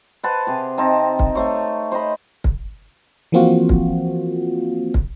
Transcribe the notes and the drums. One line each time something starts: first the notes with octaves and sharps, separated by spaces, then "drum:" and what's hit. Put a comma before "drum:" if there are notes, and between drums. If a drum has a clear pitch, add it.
B4 C5 F#5 A5
C3 G4 G#4
C4 D#4 A5
drum: kick
A3 C5 C#5
C5 C#5 D#5 B5
drum: kick
E3 F3 A#3 C4 F4 F#4
drum: kick
drum: kick